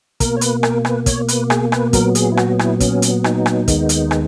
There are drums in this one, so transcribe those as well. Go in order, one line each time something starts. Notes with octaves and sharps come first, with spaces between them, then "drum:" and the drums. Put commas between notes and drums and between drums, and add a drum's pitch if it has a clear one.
B2 A#3 A#4, drum: kick, hi-hat
C#5
B4, drum: hi-hat
A#4, drum: rim click
B4, drum: rim click
C#5, drum: kick, hi-hat
B4, drum: hi-hat
G#4, drum: rim click
B4, drum: rim click
A#2 F#3 B3 A#4, drum: kick, hi-hat
G#4, drum: hi-hat
E4
F#4, drum: rim click
E4, drum: rim click
C#4, drum: kick, hi-hat
drum: hi-hat
D#4, drum: rim click
drum: rim click
D#2 D#3 G#3 B3, drum: kick, hi-hat
drum: hi-hat
drum: rim click